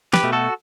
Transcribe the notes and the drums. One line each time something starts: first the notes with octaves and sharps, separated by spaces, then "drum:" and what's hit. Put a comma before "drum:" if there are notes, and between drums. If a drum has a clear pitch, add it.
G4 B4, drum: snare
B2 A3
F#4 A4